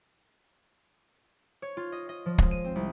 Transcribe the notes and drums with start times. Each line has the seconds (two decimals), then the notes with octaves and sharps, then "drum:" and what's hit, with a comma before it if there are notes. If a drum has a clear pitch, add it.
1.62 C#5
1.77 F4
1.92 D#5
2.09 D#5
2.26 F3
2.38 G#3, drum: kick
2.51 D#7
2.64 C4
2.76 C2